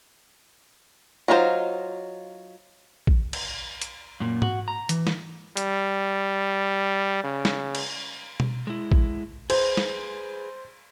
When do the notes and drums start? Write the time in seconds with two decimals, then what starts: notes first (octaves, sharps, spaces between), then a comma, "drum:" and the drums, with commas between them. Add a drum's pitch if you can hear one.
1.28 F#3 D#4 F4 F#4 C5
3.07 drum: kick A1
3.33 drum: cymbal
3.82 drum: hi-hat
4.20 F#2 A#2
4.42 F#4, drum: tom G#2
4.68 A#5
4.89 E3, drum: hi-hat
5.07 drum: snare
5.57 G3, drum: hi-hat
7.24 C#3
7.45 drum: snare
7.75 drum: cymbal
8.40 drum: tom B2
8.67 G#3 E4
8.92 drum: kick A1
9.50 G#4 B4 C5, drum: cymbal
9.77 drum: snare